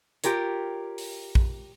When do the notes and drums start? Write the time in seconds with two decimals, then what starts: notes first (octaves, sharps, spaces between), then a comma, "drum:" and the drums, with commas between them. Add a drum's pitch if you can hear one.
0.24 F4 G4 A#4 C#5, drum: hi-hat
0.98 drum: open hi-hat
1.35 drum: kick A#1